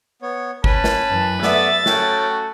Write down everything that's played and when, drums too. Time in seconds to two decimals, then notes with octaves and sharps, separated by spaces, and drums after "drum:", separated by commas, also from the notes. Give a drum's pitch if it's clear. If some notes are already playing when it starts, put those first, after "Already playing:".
0.22 B3 C#5
0.64 C#4 B4 A5, drum: kick G1
0.84 drum: snare
1.10 F#2 E3
1.43 A3 B3 D5 E5 A6, drum: snare
1.86 A3 C#4 F#4 G5, drum: snare